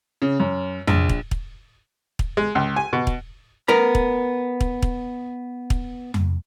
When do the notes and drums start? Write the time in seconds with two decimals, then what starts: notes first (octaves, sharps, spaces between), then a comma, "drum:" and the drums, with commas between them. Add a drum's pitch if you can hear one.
0.22 C#3
0.40 F#2
0.87 A#1, drum: tom F2
1.09 drum: kick
1.31 drum: kick
2.19 drum: kick
2.37 G#3
2.55 C#2
2.76 G#5
2.93 B2
3.07 drum: kick
3.68 B3 A#4 B5
3.95 drum: kick
4.61 drum: kick
4.82 drum: kick
5.70 drum: kick
6.14 drum: tom F2